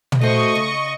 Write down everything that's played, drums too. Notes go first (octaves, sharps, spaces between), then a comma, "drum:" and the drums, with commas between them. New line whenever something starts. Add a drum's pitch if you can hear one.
drum: tom
A3 F#4 C5 D#5 C#6
C#3